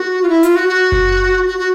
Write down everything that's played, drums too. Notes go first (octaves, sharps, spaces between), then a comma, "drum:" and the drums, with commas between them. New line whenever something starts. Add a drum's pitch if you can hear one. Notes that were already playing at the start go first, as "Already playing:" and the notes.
Already playing: F#4
F4
E4
F4, drum: hi-hat
F#4
F#4
drum: kick F#1
F#4
F#4